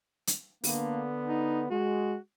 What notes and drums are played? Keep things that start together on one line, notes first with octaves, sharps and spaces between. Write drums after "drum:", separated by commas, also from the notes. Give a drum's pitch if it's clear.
drum: hi-hat
D3 A#3 B3, drum: open hi-hat
D#4
G#3 F#4